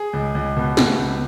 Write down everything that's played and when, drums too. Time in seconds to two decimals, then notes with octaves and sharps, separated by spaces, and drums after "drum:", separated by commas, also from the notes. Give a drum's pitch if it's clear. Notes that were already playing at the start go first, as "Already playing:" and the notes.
Already playing: G#4
0.13 C#2
0.35 C#2
0.57 B2
0.77 B2, drum: snare A3
0.99 C#2